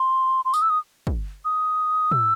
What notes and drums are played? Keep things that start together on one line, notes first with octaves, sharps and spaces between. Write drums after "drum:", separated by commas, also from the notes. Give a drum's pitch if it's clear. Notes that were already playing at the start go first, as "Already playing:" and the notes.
Already playing: C6
C6
D#6, drum: tambourine
E6
D#6
drum: kick
D#6
E6, drum: tom